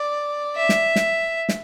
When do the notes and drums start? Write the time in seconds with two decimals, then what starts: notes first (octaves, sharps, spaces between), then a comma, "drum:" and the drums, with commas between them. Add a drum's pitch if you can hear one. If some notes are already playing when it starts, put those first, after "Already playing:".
Already playing: D5
0.56 E5
0.69 drum: snare
0.96 drum: snare
1.49 drum: snare